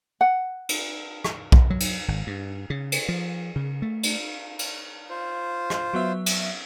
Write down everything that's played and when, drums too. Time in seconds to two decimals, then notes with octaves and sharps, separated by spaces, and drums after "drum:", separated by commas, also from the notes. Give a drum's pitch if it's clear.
0.21 F#5
0.69 drum: cymbal
1.25 drum: rim click
1.52 drum: kick B1
1.70 F#3
1.80 drum: cymbal
2.08 G#1
2.27 G2
2.70 C#3
2.92 drum: cymbal
3.09 F3
3.56 C#3
3.82 A3
4.03 drum: cymbal
4.59 drum: cymbal
5.09 F4 C5
5.70 drum: rim click
5.93 F#3 B3 E5
6.26 drum: cymbal